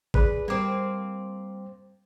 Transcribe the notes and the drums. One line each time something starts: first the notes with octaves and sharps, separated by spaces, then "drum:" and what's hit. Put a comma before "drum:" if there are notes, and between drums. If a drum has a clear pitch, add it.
G#4 B4 D5, drum: kick G#1
G3 A#3 C4 D6